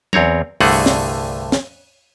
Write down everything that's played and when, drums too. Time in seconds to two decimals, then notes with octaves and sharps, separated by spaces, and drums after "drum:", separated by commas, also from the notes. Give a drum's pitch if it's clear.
0.13 E2 C4 C#5 A#5, drum: tom F#3
0.60 C2 G2 D3 A3 G#4 F#5, drum: open hi-hat
0.86 drum: snare
1.52 drum: snare